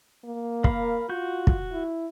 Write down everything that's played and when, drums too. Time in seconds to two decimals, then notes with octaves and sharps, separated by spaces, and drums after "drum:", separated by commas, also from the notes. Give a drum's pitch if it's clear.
0.24 A#3
0.64 A#4 F5 B5, drum: kick
1.09 F4 F#4 G6
1.47 drum: kick
1.73 E4